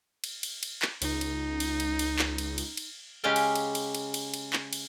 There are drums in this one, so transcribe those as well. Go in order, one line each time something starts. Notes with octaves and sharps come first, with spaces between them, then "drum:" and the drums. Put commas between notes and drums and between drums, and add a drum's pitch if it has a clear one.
drum: cymbal
drum: cymbal
drum: cymbal
drum: clap
C#2 D#4, drum: cymbal
drum: cymbal
drum: cymbal
drum: cymbal
drum: cymbal
drum: clap
drum: cymbal
drum: cymbal
drum: cymbal
C#3 G#3 C#4 G4 F5 G5
drum: cymbal
drum: cymbal
drum: cymbal
drum: cymbal
drum: cymbal
drum: cymbal
drum: clap
drum: cymbal